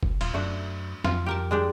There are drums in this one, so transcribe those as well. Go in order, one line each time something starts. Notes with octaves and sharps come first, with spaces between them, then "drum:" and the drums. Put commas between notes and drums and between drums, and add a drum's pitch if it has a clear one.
drum: kick F#1
D#1 F4, drum: cymbal
F#2 A3 D4 F#4
F2 F4, drum: snare
G4 A#4 A5
G#3 D4 G4